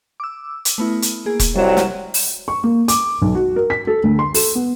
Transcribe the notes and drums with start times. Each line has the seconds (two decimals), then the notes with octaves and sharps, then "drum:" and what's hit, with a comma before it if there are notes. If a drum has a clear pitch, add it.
0.20 D6 E6
0.65 drum: hi-hat
0.78 A3 B3 E4
1.02 drum: hi-hat
1.26 A#3 G#4
1.40 drum: kick E1, hi-hat
1.56 C2 C3 F#3 G3 E7
1.77 drum: snare
2.14 drum: open hi-hat
2.48 C#6
2.64 A#3
2.88 D6, drum: hi-hat
3.22 B1
3.35 F#4
3.56 A#4
3.70 B6
3.87 A4
4.03 D2
4.19 C6
4.34 A4, drum: open hi-hat
4.55 B3